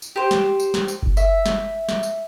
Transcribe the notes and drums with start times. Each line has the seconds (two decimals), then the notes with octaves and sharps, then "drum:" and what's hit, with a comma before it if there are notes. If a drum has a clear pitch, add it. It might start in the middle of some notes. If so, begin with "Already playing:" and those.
0.02 drum: tambourine
0.16 G4 C5
0.31 drum: snare
0.60 drum: tambourine
0.74 drum: snare
0.88 drum: tambourine
1.03 drum: kick G1
1.17 E5, drum: tambourine
1.46 drum: snare
1.89 drum: snare
2.03 drum: tambourine